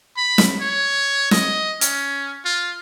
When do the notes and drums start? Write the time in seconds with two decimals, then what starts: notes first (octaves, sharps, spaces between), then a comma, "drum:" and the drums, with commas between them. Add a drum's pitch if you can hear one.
0.17 B5
0.38 drum: snare
0.61 C#5
1.31 D#5, drum: snare
1.81 C#4, drum: hi-hat
2.45 F4